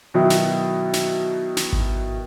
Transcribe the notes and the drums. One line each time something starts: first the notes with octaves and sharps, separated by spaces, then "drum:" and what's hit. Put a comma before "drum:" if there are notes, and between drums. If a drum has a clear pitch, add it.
B2 D#3 F#3 B3 D#4 E4
drum: snare
drum: snare
drum: snare
drum: kick G#1